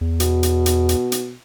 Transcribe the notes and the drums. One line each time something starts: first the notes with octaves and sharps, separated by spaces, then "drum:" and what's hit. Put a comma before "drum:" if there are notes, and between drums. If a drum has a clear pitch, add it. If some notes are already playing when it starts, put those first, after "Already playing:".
E2
B2, drum: hi-hat
drum: hi-hat
drum: hi-hat
drum: hi-hat
drum: hi-hat